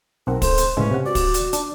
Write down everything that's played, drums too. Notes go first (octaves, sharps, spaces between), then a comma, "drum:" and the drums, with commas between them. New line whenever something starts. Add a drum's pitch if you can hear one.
B1 C4 A#4 F#5
A4 C5, drum: kick, open hi-hat
drum: hi-hat
A2 C#3 G#3 C#4 B4
C3 F#5
F#4 D5
drum: kick, open hi-hat
drum: hi-hat
D4 D5, drum: hi-hat